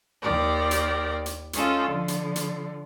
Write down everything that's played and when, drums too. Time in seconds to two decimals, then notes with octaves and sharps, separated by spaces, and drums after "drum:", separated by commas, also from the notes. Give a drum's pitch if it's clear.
0.21 D#2 G4 A#4 D5
0.71 drum: hi-hat
1.26 drum: hi-hat
1.53 G#3 C#4 D#4 F4 A4, drum: hi-hat
1.87 D3 F3
2.08 drum: hi-hat
2.36 drum: hi-hat